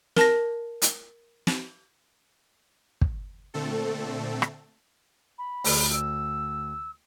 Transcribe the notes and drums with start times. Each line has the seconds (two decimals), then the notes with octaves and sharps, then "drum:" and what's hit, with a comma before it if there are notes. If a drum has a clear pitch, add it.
0.16 A#4 A5 A#6, drum: snare
0.82 drum: hi-hat
1.47 drum: snare
3.01 drum: kick
3.54 A#2 D3 A3 C4 A4
4.42 drum: rim click
5.38 B5
5.65 D2, drum: open hi-hat
5.92 E6